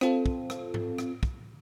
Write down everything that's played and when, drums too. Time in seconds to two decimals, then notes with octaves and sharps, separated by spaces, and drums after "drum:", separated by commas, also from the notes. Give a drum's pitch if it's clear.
0.01 C4 F4 A4, drum: rim click
0.26 drum: kick
0.50 drum: rim click
0.74 drum: tom G#2
0.98 drum: rim click
1.23 drum: kick